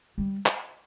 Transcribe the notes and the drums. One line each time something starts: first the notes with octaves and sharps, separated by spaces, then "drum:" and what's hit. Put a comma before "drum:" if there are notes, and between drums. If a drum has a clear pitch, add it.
G3
drum: clap